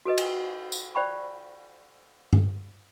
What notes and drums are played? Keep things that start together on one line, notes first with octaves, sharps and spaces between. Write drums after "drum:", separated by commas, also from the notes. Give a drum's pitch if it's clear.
F#4 A4 B4 D#5
drum: cymbal
drum: tambourine
C5 D5 G5 B5 C#6
drum: tom G2